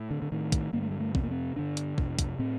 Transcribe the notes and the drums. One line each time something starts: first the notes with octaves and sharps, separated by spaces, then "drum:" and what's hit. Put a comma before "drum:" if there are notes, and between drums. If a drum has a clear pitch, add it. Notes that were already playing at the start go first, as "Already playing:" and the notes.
Already playing: A2
D3
D3
A2 D#3
drum: kick, hi-hat
G2 D3 A#3
A3
G3
A3
F2 C3 C4, drum: kick
A#3
C4
G2 D3 D4
drum: hi-hat
F2 C3, drum: kick
drum: kick, hi-hat
A2 C4